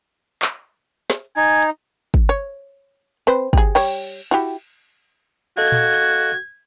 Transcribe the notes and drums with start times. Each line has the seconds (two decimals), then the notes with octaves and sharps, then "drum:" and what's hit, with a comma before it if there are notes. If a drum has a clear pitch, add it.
0.42 drum: clap
1.10 drum: snare
1.37 D#4 G#5
1.62 drum: hi-hat
2.14 drum: kick
2.29 C#5
3.27 C4 B4 C5
3.53 G4 G#4, drum: kick
3.75 G3 C#5 G5, drum: cymbal
4.31 E4 F#4 G4
5.57 F#4 A4 D#5 F5 G#6
5.72 drum: tom A#2